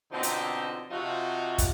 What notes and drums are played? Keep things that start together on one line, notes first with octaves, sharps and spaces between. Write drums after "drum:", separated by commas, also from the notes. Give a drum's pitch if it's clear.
B2 D3 F3 C4 D#4
drum: hi-hat
C3 F3 D#4 F4 F#4
drum: kick, hi-hat